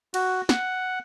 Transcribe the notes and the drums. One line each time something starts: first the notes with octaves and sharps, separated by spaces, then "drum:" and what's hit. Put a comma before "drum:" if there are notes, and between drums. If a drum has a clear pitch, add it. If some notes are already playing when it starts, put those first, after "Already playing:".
F#4, drum: cymbal
F#5, drum: snare